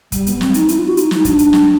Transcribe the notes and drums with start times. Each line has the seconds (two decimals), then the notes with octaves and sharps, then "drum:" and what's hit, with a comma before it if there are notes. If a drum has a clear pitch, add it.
0.12 G3, drum: kick, hi-hat
0.27 B3, drum: hi-hat
0.41 C4, drum: snare
0.54 D#4, drum: hi-hat
0.69 E4, drum: hi-hat
0.77 F4
0.87 F#4
0.97 D#4, drum: hi-hat
1.11 D#4, drum: snare
1.25 D4, drum: kick, hi-hat
1.39 drum: hi-hat
1.53 drum: snare